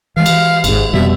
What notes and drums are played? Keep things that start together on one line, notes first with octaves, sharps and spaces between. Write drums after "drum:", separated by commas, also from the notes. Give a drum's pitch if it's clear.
E3 G#3 F5
drum: cymbal
G#1 G#2, drum: cymbal
F2 B2 G3 E5